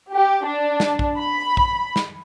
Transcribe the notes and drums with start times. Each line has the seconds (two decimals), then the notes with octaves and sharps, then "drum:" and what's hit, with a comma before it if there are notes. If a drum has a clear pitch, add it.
0.14 G4
0.45 D4
0.80 drum: snare
0.99 drum: kick A#1
1.19 B5
1.57 drum: kick A#1
1.96 drum: snare